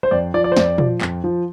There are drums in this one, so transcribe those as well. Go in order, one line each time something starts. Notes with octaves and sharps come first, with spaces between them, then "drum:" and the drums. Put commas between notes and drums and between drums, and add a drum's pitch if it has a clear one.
C5
F2 D5
F3 D5
D5
C5
F2 D5, drum: snare
F3, drum: tom
F2, drum: clap
F3